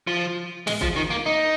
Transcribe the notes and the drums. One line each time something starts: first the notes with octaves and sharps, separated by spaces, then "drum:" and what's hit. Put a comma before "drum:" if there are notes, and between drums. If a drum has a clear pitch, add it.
F3
G#3, drum: snare
F3, drum: kick F#1
D#3
A#3
D#4